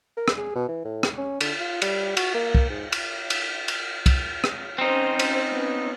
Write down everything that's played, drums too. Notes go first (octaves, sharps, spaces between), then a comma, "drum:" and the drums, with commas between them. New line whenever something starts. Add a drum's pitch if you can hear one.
A#4
drum: rim click
G#4
B2
E3
A2
drum: rim click
C#4
D3, drum: cymbal
F4
G3, drum: cymbal
F#4, drum: cymbal
A#3
drum: kick
G#2
drum: cymbal
drum: cymbal
drum: cymbal
drum: kick, cymbal
drum: rim click
C4 C#4 D#4 C5
drum: cymbal
B3 C#4